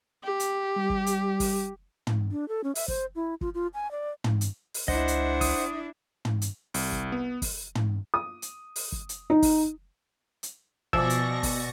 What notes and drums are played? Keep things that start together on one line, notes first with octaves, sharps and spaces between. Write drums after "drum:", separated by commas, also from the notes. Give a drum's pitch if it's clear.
G4
drum: hi-hat
G3
drum: kick
drum: hi-hat
drum: kick, open hi-hat
drum: tom
D4
A4
C#4
E5, drum: open hi-hat
C5, drum: kick
E4
F4, drum: kick
F4
G#5
D5
drum: tom
drum: hi-hat
drum: open hi-hat
C#2 D4 E4 C5 D#5 F#5, drum: kick
drum: hi-hat
D#6, drum: kick, open hi-hat
drum: tom
drum: hi-hat
C2, drum: open hi-hat
drum: kick
B3
drum: kick, open hi-hat
drum: tom
D#6
drum: hi-hat
drum: open hi-hat
drum: kick
drum: hi-hat
D#4
drum: kick, open hi-hat
drum: hi-hat
B2 F3 D5 E5 G#5 C#6 E6 A#6, drum: kick
drum: hi-hat
drum: kick, open hi-hat